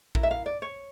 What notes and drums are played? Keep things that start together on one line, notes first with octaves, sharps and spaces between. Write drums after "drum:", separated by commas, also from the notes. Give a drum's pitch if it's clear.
E4 A#4, drum: kick A#1
E5
F5
D5
C#5